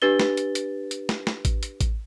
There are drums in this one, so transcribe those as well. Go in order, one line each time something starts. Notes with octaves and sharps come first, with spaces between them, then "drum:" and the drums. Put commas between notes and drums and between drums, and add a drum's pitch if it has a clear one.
D4 G4 B4 A6 G7
drum: snare
drum: hi-hat
drum: hi-hat
drum: hi-hat
drum: snare
drum: snare
drum: kick A1, hi-hat
drum: hi-hat
drum: kick A1, hi-hat